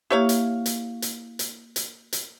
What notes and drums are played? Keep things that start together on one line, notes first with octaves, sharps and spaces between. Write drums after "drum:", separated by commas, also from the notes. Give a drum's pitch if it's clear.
A#3 E4 G4 C#5 F5
drum: hi-hat
drum: hi-hat
drum: hi-hat
drum: hi-hat
drum: hi-hat
drum: hi-hat